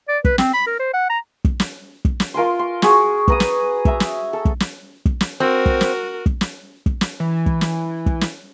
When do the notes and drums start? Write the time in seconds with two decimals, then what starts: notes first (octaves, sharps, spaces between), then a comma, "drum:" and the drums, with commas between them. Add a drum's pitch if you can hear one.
0.08 D5
0.25 B4, drum: kick
0.38 C4, drum: snare
0.53 B5
0.67 A#4
0.79 C5
0.93 F#5
1.09 A#5
1.45 drum: kick
1.60 drum: snare
2.05 drum: kick
2.20 drum: snare
2.34 F4 A#4 G#5 C6
2.59 C6
2.82 F#4 G#4 C#6, drum: snare
3.28 B4 A#5 D#6, drum: kick
3.40 drum: snare
3.85 E5 A#5, drum: kick
4.00 drum: snare
4.33 A4
4.45 drum: kick
4.60 drum: snare
5.05 drum: kick
5.21 drum: snare
5.40 C4 F#4 A#4
5.66 drum: kick
5.81 drum: snare
6.26 drum: kick
6.41 drum: snare
6.86 drum: kick
7.01 drum: snare
7.20 E3
7.46 drum: kick
7.61 drum: snare
8.06 drum: kick
8.21 drum: snare